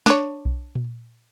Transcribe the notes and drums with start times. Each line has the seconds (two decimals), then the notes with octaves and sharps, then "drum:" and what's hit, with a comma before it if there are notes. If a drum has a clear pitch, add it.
0.06 D4 C#5, drum: snare
0.45 drum: kick B1
0.75 drum: tom A#2